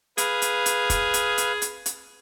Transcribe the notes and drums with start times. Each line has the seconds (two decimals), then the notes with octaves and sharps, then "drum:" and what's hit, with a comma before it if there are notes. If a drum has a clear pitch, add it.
0.18 G#4 B4 F5, drum: hi-hat
0.42 drum: hi-hat
0.66 drum: hi-hat
0.90 drum: kick, hi-hat
1.14 drum: hi-hat
1.38 drum: hi-hat
1.62 drum: hi-hat
1.86 drum: hi-hat